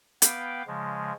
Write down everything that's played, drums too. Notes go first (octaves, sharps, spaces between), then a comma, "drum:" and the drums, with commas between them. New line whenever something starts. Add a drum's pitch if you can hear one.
B3 B4 F5 G5 D6, drum: hi-hat
C#3 F3 G#3